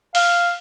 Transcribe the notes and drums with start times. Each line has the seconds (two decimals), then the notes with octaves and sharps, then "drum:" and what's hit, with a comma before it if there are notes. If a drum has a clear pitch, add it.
0.15 F5, drum: open hi-hat